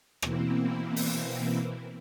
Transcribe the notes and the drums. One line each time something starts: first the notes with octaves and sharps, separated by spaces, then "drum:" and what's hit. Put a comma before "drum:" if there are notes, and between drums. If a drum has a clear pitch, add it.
B2 E3 A#3 C4 E4, drum: rim click
drum: open hi-hat